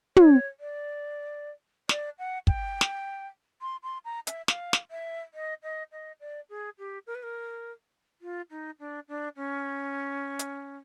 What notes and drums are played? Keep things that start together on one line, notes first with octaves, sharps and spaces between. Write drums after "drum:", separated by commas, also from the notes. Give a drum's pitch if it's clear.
C#5, drum: tom
D5
D5, drum: snare
F#5
G5, drum: kick
drum: snare
C6
C6
A#5
E5, drum: hi-hat
F5, drum: snare
drum: snare
E5
D#5
D#5
D#5
D5
G#4
G4
A#4
B4
A#4
F4
D#4
D4
D4
C#4
drum: hi-hat